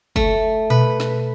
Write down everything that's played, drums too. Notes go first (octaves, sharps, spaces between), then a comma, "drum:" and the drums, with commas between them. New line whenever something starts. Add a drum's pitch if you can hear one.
A3, drum: kick
B2 B4
drum: snare